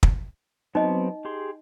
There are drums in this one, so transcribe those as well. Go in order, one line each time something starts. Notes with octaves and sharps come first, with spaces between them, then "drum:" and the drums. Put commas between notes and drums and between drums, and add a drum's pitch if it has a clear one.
drum: kick
F#3 B3 C4 D#4 D#5
G4 G#4 C6